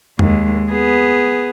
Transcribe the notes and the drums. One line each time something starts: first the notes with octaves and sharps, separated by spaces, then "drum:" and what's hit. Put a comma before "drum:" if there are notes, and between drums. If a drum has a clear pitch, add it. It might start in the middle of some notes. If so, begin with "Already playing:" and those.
D#2 G#3, drum: tom F2
B3 G#4